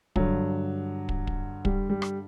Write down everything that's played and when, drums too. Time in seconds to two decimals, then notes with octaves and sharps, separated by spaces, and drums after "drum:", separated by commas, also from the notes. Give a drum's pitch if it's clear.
0.16 G2 D3 F#3, drum: kick
1.09 drum: kick
1.27 drum: kick
1.65 G3, drum: kick
1.90 G3
2.02 drum: rim click